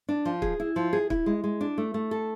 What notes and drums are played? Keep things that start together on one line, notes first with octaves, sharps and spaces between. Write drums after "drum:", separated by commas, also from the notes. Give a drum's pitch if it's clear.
D4
F3
G#4, drum: kick
E4
F3
G#4
E4, drum: kick
G#3
G#3
D4
A3
A3
A4